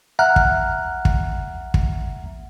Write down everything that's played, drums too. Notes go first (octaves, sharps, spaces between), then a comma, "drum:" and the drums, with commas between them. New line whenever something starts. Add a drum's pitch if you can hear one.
E5 F#5 A#5 F6 F#6
drum: kick
drum: kick
drum: kick